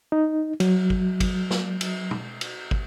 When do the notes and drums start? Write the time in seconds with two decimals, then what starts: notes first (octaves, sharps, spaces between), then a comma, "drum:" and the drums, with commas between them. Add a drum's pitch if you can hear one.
0.12 D#4
0.60 F#3, drum: cymbal
0.90 drum: kick
1.20 drum: kick, cymbal
1.51 drum: snare
1.81 drum: cymbal
2.11 drum: tom
2.41 drum: cymbal
2.71 drum: kick